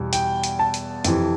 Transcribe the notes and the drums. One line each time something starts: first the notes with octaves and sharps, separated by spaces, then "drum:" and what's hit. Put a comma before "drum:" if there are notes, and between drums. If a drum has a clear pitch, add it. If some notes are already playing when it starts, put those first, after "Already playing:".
Already playing: E2 B2 G3
G5, drum: hi-hat
drum: hi-hat
A5
drum: hi-hat
F2 C3 E3, drum: hi-hat